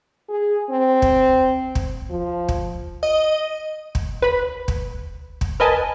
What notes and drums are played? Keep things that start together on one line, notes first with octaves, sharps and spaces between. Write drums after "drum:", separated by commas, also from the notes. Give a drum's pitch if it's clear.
G#4
C4
drum: kick
drum: kick
F3
drum: kick
D#5
drum: kick
B4 B5
drum: kick
drum: kick
A#4 B4 D#5 G#5 A5